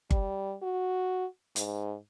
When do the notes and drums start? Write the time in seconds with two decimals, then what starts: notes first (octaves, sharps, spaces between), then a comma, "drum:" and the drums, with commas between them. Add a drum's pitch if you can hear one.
0.11 G3, drum: kick G1
0.62 F#4
1.56 G#2, drum: hi-hat